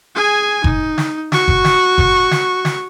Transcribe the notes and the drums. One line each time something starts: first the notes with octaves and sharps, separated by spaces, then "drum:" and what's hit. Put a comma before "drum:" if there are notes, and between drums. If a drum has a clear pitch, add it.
G#4 G#5
D#4, drum: kick F#1
drum: snare
F#4 C#6, drum: snare
drum: kick F#1
drum: snare
drum: kick F#1
drum: snare
drum: snare